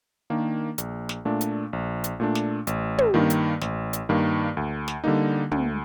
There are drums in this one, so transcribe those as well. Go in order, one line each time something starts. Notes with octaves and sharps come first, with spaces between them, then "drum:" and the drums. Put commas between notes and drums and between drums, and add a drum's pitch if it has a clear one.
D#3 A#3 D4
A#1, drum: hi-hat
drum: snare
A#2 A3 D4
drum: hi-hat
A#1
drum: hi-hat
A#2 A3 D4
drum: snare
A1, drum: hi-hat
drum: tom
G2 D#3 A#3
drum: hi-hat
A1, drum: snare
drum: hi-hat
G2 D#3 A#3
D2
drum: snare
D3 G3 A#3 D#4
D2, drum: tom